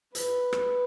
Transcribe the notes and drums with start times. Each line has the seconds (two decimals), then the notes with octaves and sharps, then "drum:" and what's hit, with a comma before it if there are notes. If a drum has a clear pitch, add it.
0.15 B4, drum: hi-hat
0.53 drum: rim click